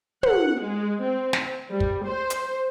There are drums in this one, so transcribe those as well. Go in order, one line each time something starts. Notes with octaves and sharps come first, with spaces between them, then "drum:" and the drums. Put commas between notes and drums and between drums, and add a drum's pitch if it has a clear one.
F#5, drum: tom
G#3
C4
drum: snare
G3
drum: kick
C5
drum: hi-hat